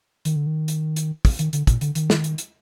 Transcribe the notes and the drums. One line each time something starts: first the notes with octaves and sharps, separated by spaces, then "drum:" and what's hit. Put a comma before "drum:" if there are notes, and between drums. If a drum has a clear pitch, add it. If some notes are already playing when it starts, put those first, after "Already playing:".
D#3, drum: hi-hat
D3
D#3
drum: hi-hat
drum: hi-hat
drum: kick, open hi-hat
D#3, drum: hi-hat
D3, drum: hi-hat
A#2, drum: kick, hi-hat
D3, drum: hi-hat
D#3, drum: hi-hat
drum: snare
drum: hi-hat
drum: hi-hat